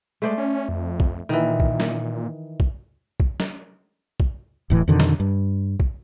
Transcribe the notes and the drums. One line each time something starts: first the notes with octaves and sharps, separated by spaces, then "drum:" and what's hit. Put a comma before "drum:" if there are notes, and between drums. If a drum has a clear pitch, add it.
G#3 A3 C5 D5
C#4
F2
drum: kick
A#2 D#3 E3
drum: kick
drum: snare
drum: kick
drum: kick
drum: snare
drum: kick
D1 A2 E3
F2 B2 D3 D#3
drum: snare
G2
drum: kick